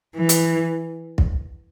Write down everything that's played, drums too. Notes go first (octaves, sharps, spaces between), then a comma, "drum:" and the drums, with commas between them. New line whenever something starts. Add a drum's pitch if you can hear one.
E3
drum: hi-hat
drum: kick